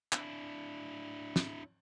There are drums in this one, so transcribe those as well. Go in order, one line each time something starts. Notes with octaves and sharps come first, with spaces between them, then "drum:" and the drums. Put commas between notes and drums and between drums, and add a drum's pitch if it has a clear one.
D4 E4, drum: clap
drum: snare